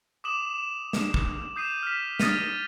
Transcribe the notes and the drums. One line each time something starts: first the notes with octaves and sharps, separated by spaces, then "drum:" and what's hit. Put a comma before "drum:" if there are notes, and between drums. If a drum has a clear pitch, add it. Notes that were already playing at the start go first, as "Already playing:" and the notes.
D6 D#6 E7 F#7
drum: snare
drum: kick
D#6 G6 C7 D#7 E7
F6 B6
D#6 F6 A6 A#6 D#7 F7, drum: snare